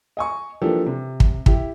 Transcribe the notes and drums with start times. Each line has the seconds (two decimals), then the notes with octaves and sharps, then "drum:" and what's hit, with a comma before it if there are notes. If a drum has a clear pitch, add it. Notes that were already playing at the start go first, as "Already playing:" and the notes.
0.17 D#5 G#5 C#6
0.62 E3 F3 A#3 D4 G4 A4
0.86 C3
1.20 drum: kick
1.46 E4 G4, drum: kick